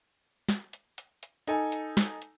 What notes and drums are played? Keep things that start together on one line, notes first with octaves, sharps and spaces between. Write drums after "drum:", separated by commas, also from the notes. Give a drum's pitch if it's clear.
drum: snare
drum: hi-hat
drum: hi-hat
drum: hi-hat
D#4 A4 G#5, drum: hi-hat
drum: hi-hat
drum: snare
drum: hi-hat